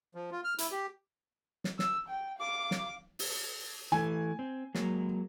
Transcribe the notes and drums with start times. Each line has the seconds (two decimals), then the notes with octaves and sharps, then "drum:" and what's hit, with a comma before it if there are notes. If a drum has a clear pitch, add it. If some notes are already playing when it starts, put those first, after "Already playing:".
0.15 F3
0.31 F4
0.44 F6
0.58 E4, drum: hi-hat
0.71 G4
1.64 drum: snare
1.79 E6, drum: snare
2.09 G5
2.39 F5 D6
2.71 drum: snare
3.19 drum: open hi-hat
3.92 E3 A3 G#5
4.39 C4
4.75 F#3 G#3 A#3, drum: snare